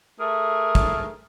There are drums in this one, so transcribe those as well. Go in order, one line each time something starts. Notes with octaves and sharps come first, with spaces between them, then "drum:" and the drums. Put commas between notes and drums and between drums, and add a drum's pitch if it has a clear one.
A3 G#4 A#4
drum: kick